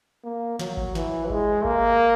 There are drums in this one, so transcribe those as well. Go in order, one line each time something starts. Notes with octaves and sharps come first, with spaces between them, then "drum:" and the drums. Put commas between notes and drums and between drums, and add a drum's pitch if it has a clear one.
A#3
F#3, drum: snare
drum: kick G#1
E3, drum: snare
G#3, drum: kick G#1
A#3, drum: kick G#1